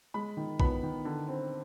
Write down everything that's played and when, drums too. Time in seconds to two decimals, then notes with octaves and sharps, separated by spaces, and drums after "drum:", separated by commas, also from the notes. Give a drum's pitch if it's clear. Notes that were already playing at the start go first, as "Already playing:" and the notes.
0.14 G#3 B5
0.37 D#3
0.60 B3 B5, drum: kick A#1
0.83 D#3
1.05 D3
1.28 C4